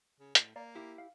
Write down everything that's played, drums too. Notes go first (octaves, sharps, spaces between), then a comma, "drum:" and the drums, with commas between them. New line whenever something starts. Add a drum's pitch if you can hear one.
C#3
A2, drum: hi-hat
A#3 D5 F5 A#5
E4 G4
F5